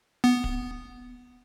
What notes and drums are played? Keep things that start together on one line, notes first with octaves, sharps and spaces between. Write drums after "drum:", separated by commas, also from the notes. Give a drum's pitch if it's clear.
B3
drum: kick